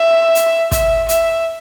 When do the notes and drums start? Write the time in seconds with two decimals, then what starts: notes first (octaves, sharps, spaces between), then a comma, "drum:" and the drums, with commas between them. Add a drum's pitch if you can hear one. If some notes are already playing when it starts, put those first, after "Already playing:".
Already playing: E5
0.35 drum: hi-hat
0.72 E5, drum: kick, hi-hat
1.09 E5, drum: hi-hat